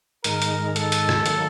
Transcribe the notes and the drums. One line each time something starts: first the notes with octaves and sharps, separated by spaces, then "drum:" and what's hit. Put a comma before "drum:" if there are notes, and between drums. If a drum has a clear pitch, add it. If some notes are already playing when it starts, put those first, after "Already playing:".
G#2 D#3 G#3 A#4, drum: hi-hat
drum: hi-hat
A4, drum: hi-hat
drum: hi-hat
drum: rim click
D#3 F#3 A#3, drum: hi-hat